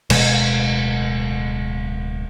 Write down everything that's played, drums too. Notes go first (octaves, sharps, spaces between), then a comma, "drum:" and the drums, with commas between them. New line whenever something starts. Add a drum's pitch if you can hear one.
D1 B2 G#3, drum: cymbal